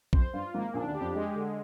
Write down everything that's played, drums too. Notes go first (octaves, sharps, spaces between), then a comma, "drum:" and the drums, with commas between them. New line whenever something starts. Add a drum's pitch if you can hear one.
F2 C5, drum: kick B1
G2 F4
G#1 G#2 A#3
A#1 A#2 D4
D#3
D2 D3
G4
F2 F3
G#3
D3